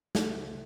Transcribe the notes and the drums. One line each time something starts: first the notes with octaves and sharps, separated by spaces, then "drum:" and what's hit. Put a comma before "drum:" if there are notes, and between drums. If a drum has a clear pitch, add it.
A3, drum: snare